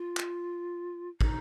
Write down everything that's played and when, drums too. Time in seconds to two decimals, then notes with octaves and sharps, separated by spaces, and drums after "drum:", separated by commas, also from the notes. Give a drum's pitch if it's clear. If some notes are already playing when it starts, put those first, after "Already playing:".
Already playing: F4
0.17 drum: clap
1.21 D#4, drum: kick